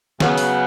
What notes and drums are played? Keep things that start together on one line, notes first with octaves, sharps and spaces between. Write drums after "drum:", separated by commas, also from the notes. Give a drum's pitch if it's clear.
C#3 F#3 B3, drum: snare
drum: open hi-hat